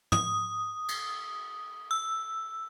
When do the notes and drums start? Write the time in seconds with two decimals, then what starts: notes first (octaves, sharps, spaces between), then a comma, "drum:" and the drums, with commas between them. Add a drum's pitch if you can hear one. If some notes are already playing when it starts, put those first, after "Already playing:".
0.12 D#6, drum: tom
0.88 drum: cymbal
1.91 E6